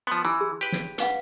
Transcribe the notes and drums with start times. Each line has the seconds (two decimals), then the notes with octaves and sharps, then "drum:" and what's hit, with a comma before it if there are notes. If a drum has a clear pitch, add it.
0.07 F3 B3 C6
0.25 E3 E4
0.41 G#4
0.61 G4 B4
0.72 drum: snare
0.98 B4 F5 F#5, drum: hi-hat